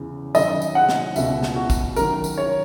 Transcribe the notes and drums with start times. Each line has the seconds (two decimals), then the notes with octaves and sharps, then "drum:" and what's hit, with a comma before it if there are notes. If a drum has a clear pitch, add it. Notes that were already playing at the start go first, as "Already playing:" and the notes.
Already playing: E2 C#3 E3
0.35 F#2 D#3 D#5, drum: tambourine
0.62 drum: tambourine
0.75 F#5
0.89 drum: snare
1.16 C#2 B2 E5, drum: tambourine
1.43 drum: snare
1.56 F#4
1.70 drum: kick, tambourine
1.96 F#2 D#3 A#4, drum: tambourine
2.24 drum: tambourine
2.38 C#5